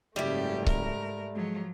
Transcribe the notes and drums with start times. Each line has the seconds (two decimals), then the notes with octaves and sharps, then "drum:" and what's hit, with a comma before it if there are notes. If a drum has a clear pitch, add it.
0.16 F#1 G#2 C#3 G3 A3 E4 G4
0.67 A#4, drum: kick C#1
1.36 F3 F#3 G#3